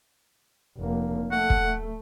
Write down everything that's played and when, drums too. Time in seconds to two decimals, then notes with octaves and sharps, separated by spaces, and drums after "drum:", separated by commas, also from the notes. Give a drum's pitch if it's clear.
0.78 F1 A#3
1.32 A3 F#5
1.50 drum: kick